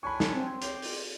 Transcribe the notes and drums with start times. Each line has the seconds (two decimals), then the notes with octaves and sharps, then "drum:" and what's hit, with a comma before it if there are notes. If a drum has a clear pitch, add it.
0.03 F#3 D4 G#5 B5 C#6
0.20 drum: snare
0.35 C4
0.62 C#5 G5 C6 D6, drum: hi-hat
0.82 drum: open hi-hat